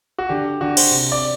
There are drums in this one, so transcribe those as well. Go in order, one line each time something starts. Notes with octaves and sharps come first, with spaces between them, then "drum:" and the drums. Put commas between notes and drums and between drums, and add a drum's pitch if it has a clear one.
F#4
D3 G4
D3 F#4
C5, drum: cymbal
C3
D5